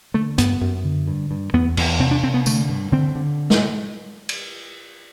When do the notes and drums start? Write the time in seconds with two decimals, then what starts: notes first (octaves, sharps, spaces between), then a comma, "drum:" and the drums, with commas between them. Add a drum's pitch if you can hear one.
0.14 D3 A3
0.38 G2 B3, drum: hi-hat
0.61 F#2
0.84 D3
1.08 G2
1.31 G2
1.53 E2 B3
1.77 E2, drum: cymbal
1.99 C3 C4
2.11 D4
2.23 C3 C4
2.34 B3
2.46 D3 A3, drum: tambourine
2.69 G2
2.92 D3 C4
3.15 D3
3.50 drum: snare
4.29 drum: cymbal